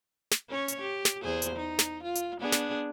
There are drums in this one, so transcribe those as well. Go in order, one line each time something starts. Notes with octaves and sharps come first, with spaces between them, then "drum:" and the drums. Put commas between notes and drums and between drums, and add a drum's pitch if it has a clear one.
drum: snare
C#4 C#5
drum: hi-hat
G4
drum: snare
E2 G#4 C5
drum: hi-hat
D#4
drum: snare
F4
drum: hi-hat
B3 D4 G#4
drum: snare